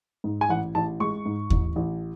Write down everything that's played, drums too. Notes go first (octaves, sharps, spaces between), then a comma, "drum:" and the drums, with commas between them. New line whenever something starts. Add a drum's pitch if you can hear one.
G#2
G#5
A1 F#5
A1 A5
G#3 C#6
G#2
A1, drum: kick D#2
A1